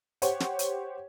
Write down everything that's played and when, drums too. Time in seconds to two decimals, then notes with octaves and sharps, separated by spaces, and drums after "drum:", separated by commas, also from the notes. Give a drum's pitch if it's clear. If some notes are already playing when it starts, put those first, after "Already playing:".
0.22 G4 C5 C#5 F#5, drum: hi-hat
0.40 drum: snare
0.59 drum: hi-hat